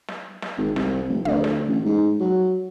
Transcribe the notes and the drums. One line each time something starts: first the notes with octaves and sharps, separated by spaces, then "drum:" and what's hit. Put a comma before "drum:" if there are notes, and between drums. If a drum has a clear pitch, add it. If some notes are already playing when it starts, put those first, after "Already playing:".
drum: snare
drum: snare
G#1
C2, drum: snare
F1
D2, drum: tom
drum: snare
A1
G#2
F#3